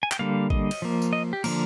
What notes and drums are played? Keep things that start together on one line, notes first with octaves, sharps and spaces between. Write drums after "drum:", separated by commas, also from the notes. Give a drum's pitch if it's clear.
G#5
G5, drum: clap
D3 G3 A#3 F5
D#5, drum: kick A1
drum: cymbal
F3 A#3
drum: tambourine
D#5
G4
D3 F3 A#3 A#4, drum: cymbal